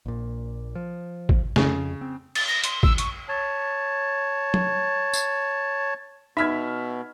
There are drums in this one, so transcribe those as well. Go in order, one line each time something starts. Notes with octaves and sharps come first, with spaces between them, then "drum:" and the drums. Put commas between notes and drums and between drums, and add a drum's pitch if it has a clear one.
A#1 A#2
F3
drum: kick
F2 C#3, drum: snare
C4
A6, drum: cymbal
A#6
C6, drum: hi-hat
E6, drum: kick
C#6, drum: hi-hat
C#5 A5
drum: tom
drum: tambourine
B2 D#4 E5 B5 F6 G#6 B6